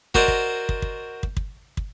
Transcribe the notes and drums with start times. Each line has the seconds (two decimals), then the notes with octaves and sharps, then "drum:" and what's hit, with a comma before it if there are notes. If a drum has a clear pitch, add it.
0.14 F#4 A#4 C5 D5 D#5, drum: kick
0.28 drum: kick
0.69 drum: kick
0.82 drum: kick
1.23 drum: kick
1.37 drum: kick
1.77 drum: kick